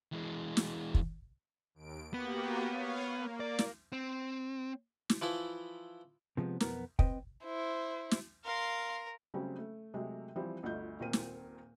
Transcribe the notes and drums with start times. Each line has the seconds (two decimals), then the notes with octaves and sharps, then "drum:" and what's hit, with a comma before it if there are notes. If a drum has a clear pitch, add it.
0.12 E3 G#3
0.57 drum: snare
0.94 drum: kick
1.75 D#2 D7
2.14 A#3 B3 F#4 G4
2.68 C#5 F5
3.09 A#3
3.40 D5
3.59 drum: snare
3.92 C4
5.10 drum: snare
5.22 E3 F3 E4
6.37 C3 F3 G#3 B3
6.60 B1 F2 B3 A#4 A#5, drum: snare
6.99 C4 B4 D#5 G5, drum: kick
7.45 E4 C5
8.11 drum: snare
8.44 A#4 F5 C6
9.34 C#3 F#3 G3 A3 C4 C#4
9.58 A3
9.94 C3 F#3 G#3 A3
10.36 E3 F3 G3 C4
10.63 G1 D2 A3 F4 D#5 G6
11.00 D#1 A#2 C4 A#4 D#7
11.13 drum: snare